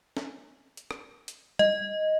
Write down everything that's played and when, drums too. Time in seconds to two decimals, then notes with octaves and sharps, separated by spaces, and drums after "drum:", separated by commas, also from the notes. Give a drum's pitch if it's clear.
0.17 drum: snare
0.77 drum: hi-hat
0.91 drum: rim click
1.28 drum: hi-hat
1.59 D#5, drum: tom G3